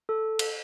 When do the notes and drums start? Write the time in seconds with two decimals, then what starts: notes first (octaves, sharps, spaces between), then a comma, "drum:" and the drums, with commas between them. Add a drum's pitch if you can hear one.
0.09 A4
0.39 drum: cymbal